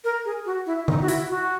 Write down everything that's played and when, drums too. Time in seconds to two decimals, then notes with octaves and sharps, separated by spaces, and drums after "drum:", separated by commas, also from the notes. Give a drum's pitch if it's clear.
0.04 A#4
0.25 G#4
0.46 F#4
0.66 E4
0.88 D#4, drum: tom D3
1.01 F#4
1.08 E4, drum: hi-hat
1.29 F#4